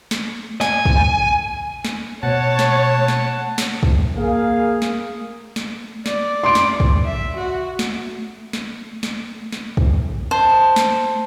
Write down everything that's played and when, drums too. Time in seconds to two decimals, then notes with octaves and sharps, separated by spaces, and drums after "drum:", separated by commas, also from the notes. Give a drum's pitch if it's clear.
0.11 drum: snare
0.61 G#5, drum: snare
0.85 drum: kick
1.85 drum: snare
2.23 B2 C#5 F#5 A5
2.59 drum: snare
3.08 drum: snare
3.58 drum: snare
3.83 drum: kick
4.17 A#3 G#4 F5
4.82 drum: snare
5.56 drum: snare
6.06 D5, drum: snare
6.43 C6 D7
6.55 drum: snare
6.80 drum: kick
7.05 E5
7.37 F#4
7.79 drum: snare
8.53 drum: snare
9.03 drum: snare
9.53 drum: snare
9.77 drum: kick
10.31 C5 A5
10.76 drum: snare